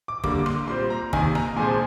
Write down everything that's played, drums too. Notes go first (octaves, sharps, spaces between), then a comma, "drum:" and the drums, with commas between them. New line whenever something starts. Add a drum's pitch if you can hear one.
D6
D3 G3 A#3 D6, drum: kick
D6
C6, drum: rim click
A#2 G3 C4 C6
A#5
C3 D#3 A#3 G#5, drum: kick
A#5, drum: rim click
A#2 F3 G#3 C4 G#5